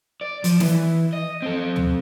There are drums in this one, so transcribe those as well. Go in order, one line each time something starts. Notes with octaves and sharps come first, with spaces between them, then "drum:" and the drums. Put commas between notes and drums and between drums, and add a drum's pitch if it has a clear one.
D5
F3, drum: hi-hat
E3, drum: snare
D#5
C4 A4
drum: tom